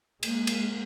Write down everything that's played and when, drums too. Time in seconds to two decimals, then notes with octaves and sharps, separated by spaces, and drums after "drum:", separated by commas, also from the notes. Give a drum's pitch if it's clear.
0.23 G#3 A#3, drum: cymbal
0.47 drum: cymbal